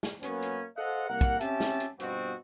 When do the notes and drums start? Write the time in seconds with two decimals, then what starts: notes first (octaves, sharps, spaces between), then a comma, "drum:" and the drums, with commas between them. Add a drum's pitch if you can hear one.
0.03 drum: snare
0.23 F#2 A#3 B3 C#4, drum: hi-hat
0.42 drum: hi-hat
0.77 A4 C5 D#5 F5 F#5
1.09 C2 A#3 A#4 F#5
1.21 drum: kick, hi-hat
1.41 C4 C#4 G4 E5 A5, drum: hi-hat
1.60 drum: snare
1.80 drum: hi-hat
2.00 G2 B2 F3 B3 C4 F#4, drum: hi-hat